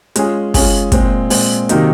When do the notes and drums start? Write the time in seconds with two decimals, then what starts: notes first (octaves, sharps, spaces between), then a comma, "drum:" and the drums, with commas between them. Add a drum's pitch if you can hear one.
0.16 G#3 C#4 F4 G#4, drum: hi-hat
0.54 G#3 C#4 F4 G#4, drum: kick, open hi-hat
0.92 A#2 G#3 C4, drum: kick, hi-hat
1.30 A#2 G#3 C4, drum: open hi-hat
1.69 C3 D#3 F#3 A#3 D#4, drum: hi-hat